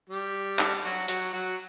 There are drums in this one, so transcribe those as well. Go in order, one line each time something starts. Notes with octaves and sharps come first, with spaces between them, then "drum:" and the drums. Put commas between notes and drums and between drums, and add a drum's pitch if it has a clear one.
G3 G4
drum: clap
F#3 F#4
F#3 F#4, drum: hi-hat
F#3 F#4